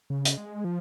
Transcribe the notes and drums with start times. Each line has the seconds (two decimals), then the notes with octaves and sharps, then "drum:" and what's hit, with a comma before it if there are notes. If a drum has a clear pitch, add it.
0.10 C#3
0.25 drum: hi-hat
0.37 G#3
0.64 F3